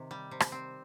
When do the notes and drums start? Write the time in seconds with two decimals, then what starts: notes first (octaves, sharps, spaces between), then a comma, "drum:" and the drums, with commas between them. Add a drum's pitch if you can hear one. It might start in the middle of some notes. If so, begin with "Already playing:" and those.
Already playing: C3 D#3
0.11 G3
0.31 C3
0.40 drum: rim click
0.52 C4